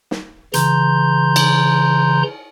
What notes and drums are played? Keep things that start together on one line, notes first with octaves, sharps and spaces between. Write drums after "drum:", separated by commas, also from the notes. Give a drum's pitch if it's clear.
drum: snare
C#3 E3 A#5 C6 G6, drum: hi-hat
drum: cymbal